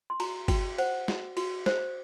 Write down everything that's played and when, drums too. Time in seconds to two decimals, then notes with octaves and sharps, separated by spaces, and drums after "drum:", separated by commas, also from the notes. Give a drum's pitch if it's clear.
0.10 C6
0.20 F#4 A#5, drum: cymbal
0.48 F#4 G5, drum: kick G1, cymbal
0.78 C5 F#5, drum: cymbal
1.08 F#4, drum: snare
1.37 F#4, drum: cymbal
1.66 C5, drum: snare